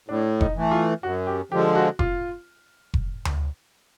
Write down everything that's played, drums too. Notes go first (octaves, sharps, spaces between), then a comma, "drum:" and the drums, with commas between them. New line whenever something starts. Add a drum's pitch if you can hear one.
A2 D4
D#4, drum: kick F1
E3 A3
F4
F#2 F#4
G4
D3 F3 G#3 G4
F#4
F4, drum: kick F1
drum: kick F1
drum: tom D2